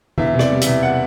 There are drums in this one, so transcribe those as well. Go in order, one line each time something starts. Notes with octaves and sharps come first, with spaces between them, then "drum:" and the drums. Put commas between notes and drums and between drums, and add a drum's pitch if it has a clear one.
E2 E5, drum: tom E3
C3
D5, drum: rim click
G3
E2 E5, drum: hi-hat
F#5